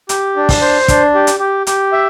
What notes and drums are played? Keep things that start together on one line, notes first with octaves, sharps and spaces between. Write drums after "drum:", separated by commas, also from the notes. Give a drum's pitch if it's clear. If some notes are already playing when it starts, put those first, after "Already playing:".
G4, drum: hi-hat
D4
drum: kick, open hi-hat
C5
D4, drum: kick, hi-hat
G4
drum: hi-hat
G4
G4, drum: hi-hat
E5